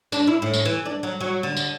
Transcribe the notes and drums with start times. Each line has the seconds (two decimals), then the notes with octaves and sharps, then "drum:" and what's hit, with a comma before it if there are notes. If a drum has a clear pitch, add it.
0.12 D4, drum: tambourine
0.27 E4
0.42 A2
0.54 drum: tambourine
0.65 E3
0.86 D4
1.03 F#3
1.21 F#3
1.43 D3
1.57 drum: tambourine